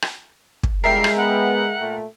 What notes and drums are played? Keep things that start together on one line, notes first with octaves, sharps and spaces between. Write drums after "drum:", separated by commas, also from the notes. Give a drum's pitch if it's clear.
drum: rim click
drum: kick
D2 G3 G#3 F4 A#4 E5 G5 C7
drum: rim click
B3 F#5
A#2 A3